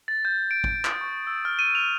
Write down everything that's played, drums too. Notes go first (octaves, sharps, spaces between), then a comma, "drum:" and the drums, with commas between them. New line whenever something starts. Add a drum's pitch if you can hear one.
A6
G6
D7
drum: kick
D#6, drum: clap
C#6
E6
F6
D#7
F7